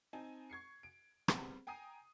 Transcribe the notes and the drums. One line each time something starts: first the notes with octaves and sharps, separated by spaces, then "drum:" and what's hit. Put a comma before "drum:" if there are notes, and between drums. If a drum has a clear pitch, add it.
C4 D#4 G#5 A5
C#6 G#6 C7 C#7
D7
G3 G#3 B3 C4, drum: rim click
G5 G#5 A#5 D#6 C7 D#7